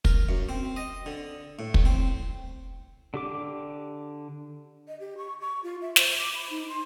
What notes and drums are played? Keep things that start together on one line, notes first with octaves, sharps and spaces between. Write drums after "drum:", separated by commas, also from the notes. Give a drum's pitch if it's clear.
A#4, drum: kick
F#2
C4
D#5
D3
A2
drum: kick
C4
D3 G4 D6
D#5
G4
C#6
C#6
F4
E5
C5, drum: snare
D6
B5
D#4
C6